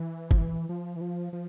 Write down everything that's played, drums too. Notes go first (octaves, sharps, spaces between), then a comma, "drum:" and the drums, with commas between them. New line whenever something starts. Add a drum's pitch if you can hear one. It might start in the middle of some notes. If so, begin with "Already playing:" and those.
Already playing: E3
F3, drum: kick
E3
F3
E3
F3
F3